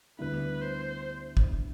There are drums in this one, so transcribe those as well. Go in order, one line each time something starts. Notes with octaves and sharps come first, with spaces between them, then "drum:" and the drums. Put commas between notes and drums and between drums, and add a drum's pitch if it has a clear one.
D2 D3 G3 B3 E4 B4
C5
drum: kick